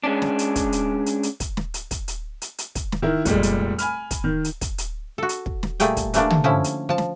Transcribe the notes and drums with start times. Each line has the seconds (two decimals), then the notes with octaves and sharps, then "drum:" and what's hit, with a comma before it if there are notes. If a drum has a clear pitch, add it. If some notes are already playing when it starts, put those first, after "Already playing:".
0.04 G#3 C#4 D4
0.22 drum: snare
0.39 drum: hi-hat
0.56 drum: kick, hi-hat
0.72 drum: hi-hat
1.06 drum: hi-hat
1.23 drum: hi-hat
1.40 drum: kick, hi-hat
1.57 drum: snare
1.74 drum: hi-hat
1.91 drum: kick, hi-hat
2.08 drum: hi-hat
2.42 drum: hi-hat
2.58 drum: hi-hat
2.75 drum: kick, hi-hat
2.92 drum: snare
3.02 D#3 E4 A#4
3.25 F1 A#2 G3 G#3, drum: kick, hi-hat
3.43 drum: hi-hat
3.79 G#5 B5 F6, drum: hi-hat
4.11 drum: kick, hi-hat
4.24 D#3
4.44 drum: hi-hat
4.61 drum: kick, hi-hat
4.78 drum: hi-hat
5.18 F#4 A4
5.29 drum: hi-hat
5.46 drum: kick
5.63 drum: snare
5.80 A#2 G3 A3 G#4 G5, drum: hi-hat
5.97 drum: kick, hi-hat
6.14 E3 G3 A3 A#3 D4, drum: hi-hat
6.30 drum: tom
6.44 D3 F3 C#4 E4
6.64 drum: hi-hat
6.89 F3 A5
6.98 drum: snare